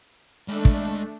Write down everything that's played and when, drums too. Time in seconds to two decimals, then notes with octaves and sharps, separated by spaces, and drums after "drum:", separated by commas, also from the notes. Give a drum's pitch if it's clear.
0.48 G#3 A3 D4 B5
0.65 drum: kick